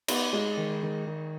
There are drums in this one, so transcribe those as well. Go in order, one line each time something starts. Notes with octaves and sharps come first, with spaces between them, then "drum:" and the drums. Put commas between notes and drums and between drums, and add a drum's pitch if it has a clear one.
B3 D#4, drum: cymbal
G#3 D#4
D#3
D#3
D#3